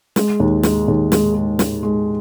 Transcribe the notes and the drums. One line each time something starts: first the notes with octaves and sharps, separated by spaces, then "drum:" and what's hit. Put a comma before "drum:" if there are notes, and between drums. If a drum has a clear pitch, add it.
G#3, drum: snare
D#2
G#3, drum: snare
D#2
G#3, drum: snare
G#3
G#3, drum: snare
G#3